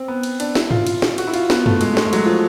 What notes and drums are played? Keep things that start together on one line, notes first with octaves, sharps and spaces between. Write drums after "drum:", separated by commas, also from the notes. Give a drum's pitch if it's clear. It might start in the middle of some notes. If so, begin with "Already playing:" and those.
Already playing: C4
B3
drum: cymbal
D4, drum: cymbal
E4, drum: snare
F4, drum: tom
drum: cymbal
drum: snare
F#4, drum: cymbal
E4
F4, drum: cymbal
B3, drum: snare
A3, drum: tom
G#3, drum: cymbal
A3
G#3, drum: snare
F#3, drum: cymbal
F3